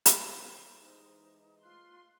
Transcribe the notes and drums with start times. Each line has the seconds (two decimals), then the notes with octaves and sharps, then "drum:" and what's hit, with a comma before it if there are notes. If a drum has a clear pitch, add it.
0.06 drum: hi-hat
0.24 G4 C5
0.80 E3 G#3 D#4
1.63 F4 C6 F#6